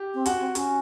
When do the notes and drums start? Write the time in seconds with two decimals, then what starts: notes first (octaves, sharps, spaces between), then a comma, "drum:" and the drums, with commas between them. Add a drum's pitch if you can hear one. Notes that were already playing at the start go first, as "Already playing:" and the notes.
Already playing: G4
0.14 C4
0.26 C#4 F#4, drum: hi-hat
0.40 C4
0.55 C#4 F#4, drum: hi-hat